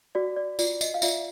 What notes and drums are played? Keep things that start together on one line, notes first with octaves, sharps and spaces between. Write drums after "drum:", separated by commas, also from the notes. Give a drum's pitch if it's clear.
F#4 D5
D5
F4 D5, drum: tambourine
D#5, drum: tambourine
F5
F4 D5 E5, drum: tambourine